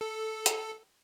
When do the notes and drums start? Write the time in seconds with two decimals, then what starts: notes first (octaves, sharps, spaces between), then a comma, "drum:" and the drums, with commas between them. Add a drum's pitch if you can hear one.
0.01 A4
0.46 drum: hi-hat